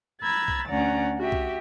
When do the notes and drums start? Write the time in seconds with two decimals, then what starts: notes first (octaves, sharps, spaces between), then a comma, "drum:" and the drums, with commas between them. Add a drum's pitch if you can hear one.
0.22 A#5 B5 E6 F#6 G#6 A6
0.48 drum: kick
0.69 D2 C#4 D5 F#5 A#5
1.19 F#4 G4 E5
1.32 drum: kick